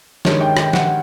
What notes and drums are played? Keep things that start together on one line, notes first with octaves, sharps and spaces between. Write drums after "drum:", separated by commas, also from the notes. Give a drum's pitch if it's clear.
G2 D#3 G#3 C#4, drum: snare
G5
G5, drum: rim click
F#5, drum: snare